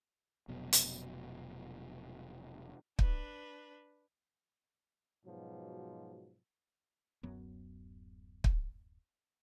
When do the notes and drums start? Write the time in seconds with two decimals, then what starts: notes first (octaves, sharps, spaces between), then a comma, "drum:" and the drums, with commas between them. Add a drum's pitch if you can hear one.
0.48 F1 B2 F#3
0.73 drum: hi-hat
2.99 D4 B4, drum: kick
5.26 G#2 B2 F3 F#3
7.23 D1 F#2 F#3 B3
8.44 drum: kick